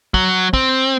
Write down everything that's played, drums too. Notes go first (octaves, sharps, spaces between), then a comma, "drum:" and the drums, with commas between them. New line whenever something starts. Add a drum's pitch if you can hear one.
F#3, drum: kick
C4, drum: kick